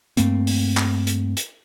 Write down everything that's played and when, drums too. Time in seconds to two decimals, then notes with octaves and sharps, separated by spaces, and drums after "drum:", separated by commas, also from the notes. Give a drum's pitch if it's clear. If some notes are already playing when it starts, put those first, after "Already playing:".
0.17 G2 A3 A#3 C4, drum: hi-hat
0.47 drum: open hi-hat
0.77 drum: clap
1.07 drum: hi-hat
1.37 drum: hi-hat